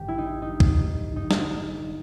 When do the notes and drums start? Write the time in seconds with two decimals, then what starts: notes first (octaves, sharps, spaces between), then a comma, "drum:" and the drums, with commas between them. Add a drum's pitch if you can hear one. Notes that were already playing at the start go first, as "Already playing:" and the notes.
Already playing: A1 G2 D#3 G4
0.08 E4
0.18 D#4
0.42 D#4
0.60 drum: kick
1.16 G1 F#2 D3 D#4
1.31 drum: snare